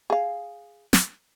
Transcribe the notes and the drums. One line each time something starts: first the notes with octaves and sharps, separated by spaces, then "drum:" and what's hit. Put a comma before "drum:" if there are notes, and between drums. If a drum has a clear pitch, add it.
G#4 F5
drum: snare